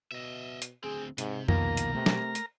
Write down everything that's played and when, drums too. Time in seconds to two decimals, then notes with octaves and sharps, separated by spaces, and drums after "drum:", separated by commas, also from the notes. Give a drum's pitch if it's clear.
0.11 B2 D#5 E5
0.62 drum: hi-hat
0.84 D2 C4 G#4
1.18 G#2 C3, drum: hi-hat
1.48 C2 B2 D#3 F3 A#3 A#4 A#5, drum: tom F2
1.77 drum: hi-hat
1.95 C3 A3
2.06 drum: snare
2.35 drum: hi-hat